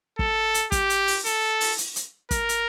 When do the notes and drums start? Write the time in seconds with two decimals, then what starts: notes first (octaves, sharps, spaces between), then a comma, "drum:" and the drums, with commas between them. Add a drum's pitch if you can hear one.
0.19 A4, drum: kick
0.54 drum: hi-hat
0.72 G4, drum: kick, hi-hat
0.90 drum: hi-hat
1.07 drum: open hi-hat
1.26 A4, drum: hi-hat
1.60 drum: open hi-hat
1.78 drum: hi-hat
1.96 drum: hi-hat
2.31 A#4, drum: kick, hi-hat
2.49 drum: hi-hat